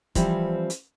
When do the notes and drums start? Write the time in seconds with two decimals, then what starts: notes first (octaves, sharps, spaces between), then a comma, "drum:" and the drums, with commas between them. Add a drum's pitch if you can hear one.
0.15 E3 F3 G3 C4, drum: kick, hi-hat
0.70 drum: hi-hat